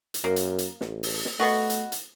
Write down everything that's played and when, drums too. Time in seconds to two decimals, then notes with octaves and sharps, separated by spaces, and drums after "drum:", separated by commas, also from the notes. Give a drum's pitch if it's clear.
0.14 drum: hi-hat
0.24 F#2 A#3
0.36 drum: hi-hat
0.58 drum: hi-hat
0.81 A1, drum: snare
1.03 drum: open hi-hat
1.25 drum: snare
1.40 B2 A3 B3 F#4
1.70 drum: hi-hat
1.92 drum: hi-hat